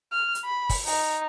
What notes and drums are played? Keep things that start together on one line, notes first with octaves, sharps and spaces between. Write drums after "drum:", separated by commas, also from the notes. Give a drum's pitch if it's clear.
F6
drum: hi-hat
B5
drum: kick, open hi-hat
D#4, drum: open hi-hat